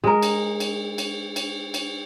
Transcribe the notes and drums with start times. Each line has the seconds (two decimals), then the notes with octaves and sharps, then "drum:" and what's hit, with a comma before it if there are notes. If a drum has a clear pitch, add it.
0.04 G#3 A#4
0.23 drum: cymbal
0.60 drum: cymbal
0.98 drum: cymbal
1.36 drum: cymbal
1.74 drum: cymbal